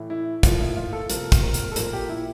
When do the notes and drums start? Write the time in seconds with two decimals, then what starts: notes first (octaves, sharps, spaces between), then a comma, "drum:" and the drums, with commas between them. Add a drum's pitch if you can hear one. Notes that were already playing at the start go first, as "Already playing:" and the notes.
Already playing: A2 E3 A3
0.10 E4
0.43 A2 F3 A#3 F4, drum: kick, hi-hat
0.60 E4
0.77 F4
0.93 A4
1.10 C3 F3 A#3 A#4, drum: hi-hat
1.32 drum: kick, hi-hat
1.43 A#4
1.54 drum: hi-hat
1.72 A4
1.76 A#2 F3 A#3 A#4, drum: hi-hat
1.93 G4
2.09 E4